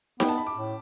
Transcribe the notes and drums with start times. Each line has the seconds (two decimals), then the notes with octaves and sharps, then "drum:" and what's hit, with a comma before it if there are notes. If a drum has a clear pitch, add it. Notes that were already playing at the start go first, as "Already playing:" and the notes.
0.20 B3 G5, drum: snare D#4
0.29 A5
0.38 B5
0.47 D6
0.56 A2